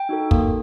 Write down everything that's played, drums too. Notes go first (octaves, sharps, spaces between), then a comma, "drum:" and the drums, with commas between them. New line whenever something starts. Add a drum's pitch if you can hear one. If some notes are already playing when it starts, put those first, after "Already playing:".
Already playing: G5
D#4 F#4 A4
A#3, drum: kick